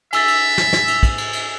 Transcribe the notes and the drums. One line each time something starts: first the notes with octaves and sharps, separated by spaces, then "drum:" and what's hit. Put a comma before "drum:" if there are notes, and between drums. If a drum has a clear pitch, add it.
E5 G#5 E6 A6, drum: cymbal
drum: cymbal
drum: snare
drum: snare
drum: cymbal
drum: kick, cymbal
drum: cymbal
drum: cymbal